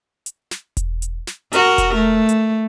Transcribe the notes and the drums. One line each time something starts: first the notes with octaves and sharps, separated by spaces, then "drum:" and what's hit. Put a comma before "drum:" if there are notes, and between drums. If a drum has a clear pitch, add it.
drum: hi-hat
drum: snare
drum: kick E1, hi-hat
drum: hi-hat
drum: snare
F#4 A#4, drum: hi-hat
drum: kick E1, hi-hat
A3
drum: hi-hat